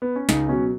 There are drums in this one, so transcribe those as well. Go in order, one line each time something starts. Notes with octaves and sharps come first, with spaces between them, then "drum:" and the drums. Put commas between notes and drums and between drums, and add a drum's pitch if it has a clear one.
B3
C#4
C#2 D#4, drum: snare
B2 F#3 C#4